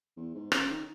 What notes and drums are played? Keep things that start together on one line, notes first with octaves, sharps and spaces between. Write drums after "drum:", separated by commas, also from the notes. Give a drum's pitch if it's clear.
E2
G#2
C#3, drum: rim click
D#3